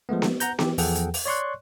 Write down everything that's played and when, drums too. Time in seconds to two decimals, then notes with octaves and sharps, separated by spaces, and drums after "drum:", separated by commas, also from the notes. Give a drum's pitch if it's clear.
0.09 F3 G#3 A3 B3
0.22 drum: snare B3
0.40 F#5 A#5 G6, drum: hi-hat
0.59 E3 G4, drum: snare B3
0.78 E2 F3 G#4 A4 F#5 G5, drum: open hi-hat
0.95 drum: hi-hat
1.14 drum: open hi-hat
1.26 C#5 D5 C6 C#6 F#6